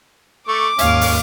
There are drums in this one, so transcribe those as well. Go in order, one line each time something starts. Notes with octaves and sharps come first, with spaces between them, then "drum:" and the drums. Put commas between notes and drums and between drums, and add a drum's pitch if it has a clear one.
A3 C#6 D6
D#2 G#2 C#4 F5, drum: hi-hat
drum: open hi-hat